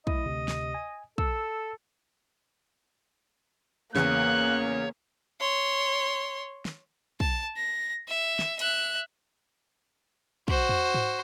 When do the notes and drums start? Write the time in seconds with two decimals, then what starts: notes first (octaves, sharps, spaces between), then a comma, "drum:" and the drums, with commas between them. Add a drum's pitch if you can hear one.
0.07 A3 E4 D#5, drum: kick
0.26 D2 C3 G4
0.48 drum: snare
0.74 G#5
1.18 A4 E6, drum: kick
3.96 E2 C#3 A#3 C#5 F#6, drum: snare
5.40 C#5 C6
6.65 drum: snare
7.20 A5, drum: kick
7.57 A#6
8.08 E5
8.39 drum: snare
8.59 E5 F#6, drum: hi-hat
10.48 F#4 C5, drum: kick
10.69 drum: tom E2
10.94 drum: tom G#2